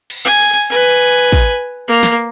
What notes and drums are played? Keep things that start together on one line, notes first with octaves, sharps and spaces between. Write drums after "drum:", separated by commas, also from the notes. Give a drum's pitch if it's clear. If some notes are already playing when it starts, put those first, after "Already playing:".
drum: cymbal
G#5
B4 G#5
drum: kick
A#3
drum: snare